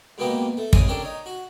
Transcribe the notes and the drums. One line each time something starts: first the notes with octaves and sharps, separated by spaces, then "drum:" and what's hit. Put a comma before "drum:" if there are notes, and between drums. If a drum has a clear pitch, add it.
G#2 B2 D#3 A#3 B3 G4
A3
C2 G#2 C#3 G#5 D#6, drum: kick
C#4 D4 G4 A4 A#4
D#4 C#5
F#4